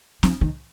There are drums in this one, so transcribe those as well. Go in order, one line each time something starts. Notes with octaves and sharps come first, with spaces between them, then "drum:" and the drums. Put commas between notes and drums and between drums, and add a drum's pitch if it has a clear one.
F3, drum: snare C4
D#3